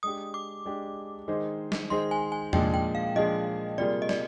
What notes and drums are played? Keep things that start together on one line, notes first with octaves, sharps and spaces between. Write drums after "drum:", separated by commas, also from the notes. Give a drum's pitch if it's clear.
G#3 D4 G4 D#6
D6
G#3 D4 G4
D#3 G#3 D#4 G#4 C5
drum: snare
D#3 G#3 D#4 G#4 C5 C6
G#5
G#5
A#2 F3 G#3 D4 G#4 G5, drum: tom
G5
F5
A#2 F3 G#3 D4 G#4 D#5
C3 G3 A#3 F4 G#4 D5
D#5
D5, drum: snare